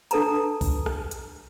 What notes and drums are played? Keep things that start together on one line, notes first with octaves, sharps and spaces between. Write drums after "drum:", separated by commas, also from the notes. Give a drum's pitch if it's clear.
D4 A4 B4 A5 A#5, drum: hi-hat
drum: kick, open hi-hat
drum: rim click
drum: hi-hat